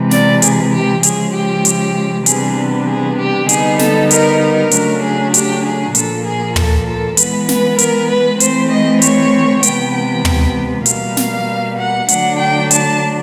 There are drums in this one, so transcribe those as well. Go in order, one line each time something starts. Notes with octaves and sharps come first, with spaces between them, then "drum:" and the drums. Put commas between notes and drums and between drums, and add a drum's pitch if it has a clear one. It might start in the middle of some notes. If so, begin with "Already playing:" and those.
Already playing: C3 E3 G#3
D5, drum: snare
G#4, drum: hi-hat
G4
C#3 F3 G#3 G#4, drum: hi-hat
G4
drum: hi-hat
C3 E3 G3 B3 D4 G#4, drum: hi-hat
G#4
G4
D3 G3 B3 D#4 G#4, drum: hi-hat
A4, drum: snare
A#4, drum: hi-hat
A#4
C#3 F#3 A3 D4, drum: hi-hat
G#4
G4, drum: hi-hat
G#4
A#2 F3 A#3 A4, drum: hi-hat
G#4
A4, drum: tom
A4
E3 G#3 B3 B4, drum: hi-hat
B4, drum: snare
A#4, drum: hi-hat
B4
E3 A3 C4 C5, drum: hi-hat
D#5
C#5, drum: hi-hat
C3 E3 G#3 B3 G5, drum: hi-hat
G5
drum: tom
B2 G3 A#3 F5, drum: hi-hat
drum: snare
F#5
D3 F#3 A3 D4 F#5, drum: hi-hat
G5
A5, drum: hi-hat